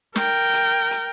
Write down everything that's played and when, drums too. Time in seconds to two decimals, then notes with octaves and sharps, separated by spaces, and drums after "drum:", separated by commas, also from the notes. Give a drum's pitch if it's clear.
0.16 A#4 G5, drum: snare
0.53 drum: hi-hat
0.91 drum: hi-hat